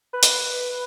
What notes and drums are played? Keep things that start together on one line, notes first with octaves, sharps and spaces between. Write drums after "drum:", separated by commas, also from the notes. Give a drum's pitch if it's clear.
B4
drum: hi-hat